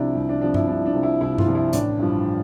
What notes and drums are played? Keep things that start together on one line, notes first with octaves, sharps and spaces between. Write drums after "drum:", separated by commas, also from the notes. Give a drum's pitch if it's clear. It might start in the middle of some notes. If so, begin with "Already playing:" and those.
Already playing: C2 C3 F3 D4 E4
C2
D4
C3 F3 D4
E4, drum: tom G2
C2 D4
D4
C3 F3
E4
C2 E4
F4, drum: tom G2
C3 F3
E4
A1 D4, drum: hi-hat
G2 F3